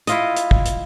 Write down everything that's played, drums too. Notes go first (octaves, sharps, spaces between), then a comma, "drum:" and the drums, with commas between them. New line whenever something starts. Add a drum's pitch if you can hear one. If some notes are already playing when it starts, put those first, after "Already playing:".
E4 F4 D#5, drum: hi-hat
drum: hi-hat
drum: kick
drum: hi-hat